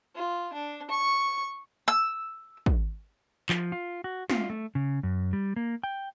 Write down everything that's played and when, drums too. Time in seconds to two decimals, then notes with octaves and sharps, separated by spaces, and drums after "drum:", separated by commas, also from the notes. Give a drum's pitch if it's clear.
0.15 F4
0.53 D4
0.90 C#6
1.88 E6
2.66 drum: kick
3.49 F3, drum: clap
3.72 F4
4.04 F#4
4.30 F4, drum: snare
4.50 A3
4.75 C#3
5.03 F#2
5.33 G3
5.56 A#3
5.83 G5